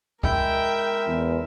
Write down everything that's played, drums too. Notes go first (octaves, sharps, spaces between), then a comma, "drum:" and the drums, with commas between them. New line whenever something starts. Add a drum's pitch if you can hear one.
G#3 E4 A#4 E5 G5, drum: kick C#2
E2